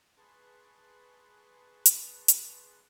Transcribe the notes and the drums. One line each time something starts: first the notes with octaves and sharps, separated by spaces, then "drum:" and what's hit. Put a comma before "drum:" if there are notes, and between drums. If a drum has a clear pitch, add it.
G#4 B4 A5 C6 C#6 F#6
drum: hi-hat
drum: hi-hat